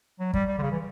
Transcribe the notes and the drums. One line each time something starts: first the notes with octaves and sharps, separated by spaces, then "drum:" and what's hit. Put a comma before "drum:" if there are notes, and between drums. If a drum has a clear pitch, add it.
F#3
G3, drum: kick
G3
D3
C#3
E3